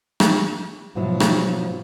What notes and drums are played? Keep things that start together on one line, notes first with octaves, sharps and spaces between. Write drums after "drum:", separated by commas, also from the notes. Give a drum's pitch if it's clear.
drum: rim click
G#2 B2 F3 F#3 E4
drum: rim click